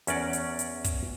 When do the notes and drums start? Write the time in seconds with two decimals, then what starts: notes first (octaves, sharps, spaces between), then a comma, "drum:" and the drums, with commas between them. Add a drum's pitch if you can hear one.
0.07 E2 C#4 A#4 D5 F#5, drum: hi-hat
0.33 drum: hi-hat
0.59 drum: hi-hat
0.84 drum: kick, hi-hat